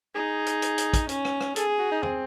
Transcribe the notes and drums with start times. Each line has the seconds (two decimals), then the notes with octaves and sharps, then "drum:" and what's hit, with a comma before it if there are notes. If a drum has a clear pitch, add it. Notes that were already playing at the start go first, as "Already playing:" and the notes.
0.15 D#4 G#4
0.46 drum: hi-hat
0.62 drum: hi-hat
0.78 drum: hi-hat
0.93 drum: kick, hi-hat
1.09 C#4, drum: hi-hat
1.25 drum: rim click
1.40 drum: rim click
1.56 G#4 A4, drum: hi-hat
1.79 F#4
1.92 D#4
2.03 C4, drum: tom E2